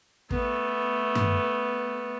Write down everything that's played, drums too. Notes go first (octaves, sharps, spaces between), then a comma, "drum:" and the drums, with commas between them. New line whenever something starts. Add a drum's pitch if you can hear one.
A3 B3, drum: kick
drum: tom G2